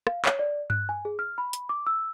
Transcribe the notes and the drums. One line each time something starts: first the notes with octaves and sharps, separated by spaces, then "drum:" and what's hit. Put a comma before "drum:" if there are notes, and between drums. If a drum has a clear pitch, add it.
F5, drum: rim click
C#5, drum: clap
D5
F#6, drum: tom G2
G#5
G#4
F6
B5
drum: hi-hat
D6
E6